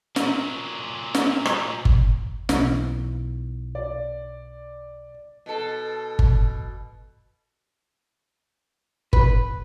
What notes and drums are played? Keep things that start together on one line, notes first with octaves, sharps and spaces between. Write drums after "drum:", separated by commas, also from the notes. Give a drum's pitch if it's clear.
A#2 F#3, drum: snare
drum: snare
drum: rim click
drum: kick G1
B1 E3, drum: snare
D5
B2 A4
drum: kick G1
B4, drum: kick G1